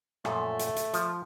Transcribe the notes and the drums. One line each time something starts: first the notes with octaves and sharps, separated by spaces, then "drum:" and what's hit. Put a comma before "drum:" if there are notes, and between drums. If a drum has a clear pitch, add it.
F#2 A#2 F3 A3, drum: rim click
drum: hi-hat
drum: hi-hat
F3, drum: hi-hat